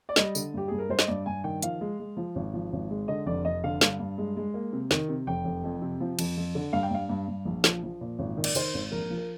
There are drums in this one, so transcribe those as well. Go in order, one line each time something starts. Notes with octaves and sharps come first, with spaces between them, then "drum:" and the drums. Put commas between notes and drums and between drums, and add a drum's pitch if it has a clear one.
D5
G3 D#5, drum: snare
D3, drum: tambourine
G2 G4
G2 G#4
A#4
G2 C5
D#5, drum: snare
G2 D5
G2 G#5
D#3 G5
F3 F5, drum: hi-hat
G#3
G#3
F3
G#1
F3
G#1
G#3
D3 D#5
F1 D5
F1 D#5
D3 F5
G2 F5, drum: snare
G2
G#3
G#3
A#3
C3
D#3, drum: snare
C3
F1 G5
F1
F2
C3
F3
F2, drum: cymbal
F2
D3
G2 F5
G5
G2 F5
G2
G2
A#1
F3, drum: snare
F3
A#2
G#1
D#3
D5, drum: cymbal
D#3 C5, drum: tambourine
G#1
A#1 A#4
F3
A#4